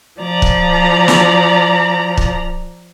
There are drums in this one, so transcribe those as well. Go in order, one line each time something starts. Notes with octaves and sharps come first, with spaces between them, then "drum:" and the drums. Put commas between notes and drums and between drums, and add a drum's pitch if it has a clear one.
F3 D5 A#5
drum: kick
drum: snare
drum: kick